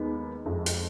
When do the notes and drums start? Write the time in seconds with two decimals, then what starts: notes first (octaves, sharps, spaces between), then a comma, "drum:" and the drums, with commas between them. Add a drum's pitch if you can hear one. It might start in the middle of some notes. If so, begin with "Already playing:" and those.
Already playing: D#2 D#3 G#3 B3 D#4
0.46 F2 F3 G#3
0.66 drum: hi-hat